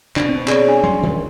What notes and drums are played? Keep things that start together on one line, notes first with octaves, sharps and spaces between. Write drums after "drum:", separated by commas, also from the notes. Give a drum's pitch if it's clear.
B2 D4, drum: clap
C4
G#4 C#5 D5, drum: clap
D4
F#3 C#4 C6
D#3